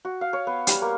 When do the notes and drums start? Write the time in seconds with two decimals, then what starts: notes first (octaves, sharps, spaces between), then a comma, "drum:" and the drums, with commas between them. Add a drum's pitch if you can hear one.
0.05 F#4
0.21 F5
0.33 C#5
0.47 B3
0.67 G3, drum: hi-hat
0.82 A#3